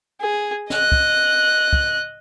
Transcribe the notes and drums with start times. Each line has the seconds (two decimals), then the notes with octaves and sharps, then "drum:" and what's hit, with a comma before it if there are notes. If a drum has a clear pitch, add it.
0.21 G#4
0.70 D#5 F#6, drum: snare
0.92 drum: kick
1.73 drum: kick